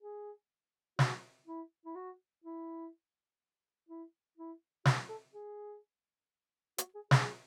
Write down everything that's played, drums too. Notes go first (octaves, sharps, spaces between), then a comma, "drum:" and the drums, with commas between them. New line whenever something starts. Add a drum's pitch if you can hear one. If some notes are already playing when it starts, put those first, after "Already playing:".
G#4
F#4, drum: snare
E4
E4
F#4
E4
E4
E4
F#4, drum: snare
A4
G#4
F#4, drum: hi-hat
G#4
G#4, drum: snare